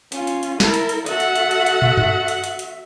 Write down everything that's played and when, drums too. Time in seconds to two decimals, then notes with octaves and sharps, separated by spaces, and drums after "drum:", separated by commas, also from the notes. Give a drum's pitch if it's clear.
0.12 C#4 F4, drum: hi-hat
0.27 drum: hi-hat
0.43 drum: hi-hat
0.60 E4 A4 A#4, drum: snare
0.74 drum: hi-hat
0.89 drum: hi-hat
1.06 F#4 A4 E5 F#5, drum: hi-hat
1.20 drum: hi-hat
1.35 drum: hi-hat
1.51 drum: hi-hat
1.66 drum: hi-hat
1.82 drum: tom
1.97 drum: tom G2
2.28 drum: hi-hat
2.44 drum: hi-hat
2.59 drum: hi-hat